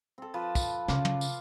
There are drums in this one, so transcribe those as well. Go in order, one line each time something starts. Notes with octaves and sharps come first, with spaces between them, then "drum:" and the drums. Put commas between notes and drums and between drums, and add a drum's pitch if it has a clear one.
C4 A4
F3 B4 A5
drum: kick, tambourine
C#3 F4 D6, drum: snare
drum: tom
drum: tambourine